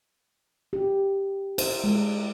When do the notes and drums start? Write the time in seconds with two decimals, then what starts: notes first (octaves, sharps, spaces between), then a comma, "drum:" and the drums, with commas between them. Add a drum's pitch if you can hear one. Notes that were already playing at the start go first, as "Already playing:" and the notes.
0.73 G4
1.58 C5, drum: cymbal
1.84 G#3